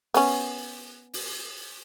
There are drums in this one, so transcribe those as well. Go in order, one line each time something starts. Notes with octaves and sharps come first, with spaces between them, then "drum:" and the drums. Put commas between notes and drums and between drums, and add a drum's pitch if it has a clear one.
B3 C#4, drum: open hi-hat
drum: open hi-hat